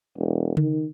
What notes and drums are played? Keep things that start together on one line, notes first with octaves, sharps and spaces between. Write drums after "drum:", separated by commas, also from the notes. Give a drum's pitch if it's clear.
E1
D#3, drum: tom C#3